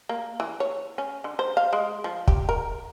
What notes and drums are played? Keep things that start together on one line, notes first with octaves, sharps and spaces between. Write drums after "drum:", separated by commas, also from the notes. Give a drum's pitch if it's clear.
A#3
E3
C#5
C#4
D3
C5
F5
G#3
F3
G4, drum: kick
A#4